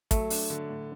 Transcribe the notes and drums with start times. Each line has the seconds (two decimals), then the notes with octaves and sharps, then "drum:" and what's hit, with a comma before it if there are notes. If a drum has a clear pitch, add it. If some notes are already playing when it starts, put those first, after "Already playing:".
0.11 F#3 A3, drum: kick, hi-hat
0.30 D4, drum: open hi-hat
0.50 D3
0.69 A2